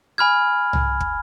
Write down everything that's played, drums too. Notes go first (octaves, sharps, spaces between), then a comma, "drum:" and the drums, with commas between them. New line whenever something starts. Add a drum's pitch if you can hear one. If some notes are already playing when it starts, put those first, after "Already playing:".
G#5 B5 F6 G#6
drum: tom
drum: kick